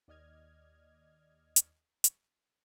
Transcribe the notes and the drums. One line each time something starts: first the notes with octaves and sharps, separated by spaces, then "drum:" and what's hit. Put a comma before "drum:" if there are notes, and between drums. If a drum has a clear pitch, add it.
D#2 D5 D#5 F6 G#6
drum: hi-hat
drum: hi-hat